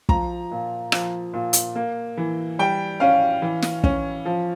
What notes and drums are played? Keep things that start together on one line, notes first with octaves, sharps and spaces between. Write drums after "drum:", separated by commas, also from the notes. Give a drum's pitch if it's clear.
F3 A#5, drum: kick
A#2
F3, drum: rim click
A#2
drum: hi-hat
A#3
E3
G3 G5
C#4 F5
E3
drum: snare
C#4, drum: kick
F3